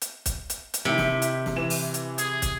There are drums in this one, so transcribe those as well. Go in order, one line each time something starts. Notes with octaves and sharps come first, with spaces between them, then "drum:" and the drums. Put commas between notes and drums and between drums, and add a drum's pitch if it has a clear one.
drum: hi-hat
drum: kick, hi-hat
drum: hi-hat
drum: hi-hat
C3 D#3 E4
drum: snare
drum: hi-hat
drum: snare
E3 E7
drum: open hi-hat
drum: hi-hat
G#4, drum: hi-hat
drum: kick, hi-hat